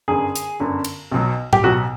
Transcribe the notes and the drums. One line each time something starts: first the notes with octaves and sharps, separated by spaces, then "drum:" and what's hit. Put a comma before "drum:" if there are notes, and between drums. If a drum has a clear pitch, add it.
G1 F#2 D3 G#4
drum: hi-hat
G1 F#2 D3
drum: cymbal
B1 B2 F#3
G4, drum: tom A2
B1 B2 F#3 F#4